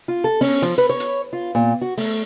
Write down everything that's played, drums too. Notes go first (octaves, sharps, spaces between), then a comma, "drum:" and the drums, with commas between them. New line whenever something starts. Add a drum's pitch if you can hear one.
F4
A4
C#4, drum: open hi-hat
F3, drum: hi-hat
B4, drum: hi-hat
C#5
drum: hi-hat
F4
A#2
F#4
A3, drum: open hi-hat